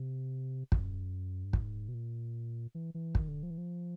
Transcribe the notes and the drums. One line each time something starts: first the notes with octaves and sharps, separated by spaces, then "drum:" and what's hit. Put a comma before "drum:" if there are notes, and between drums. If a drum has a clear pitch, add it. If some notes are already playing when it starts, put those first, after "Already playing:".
Already playing: C3
F#2, drum: kick
G2
G#2, drum: kick
B2
A#2
E3
E3
D#3, drum: kick
D3
F3
E3
F3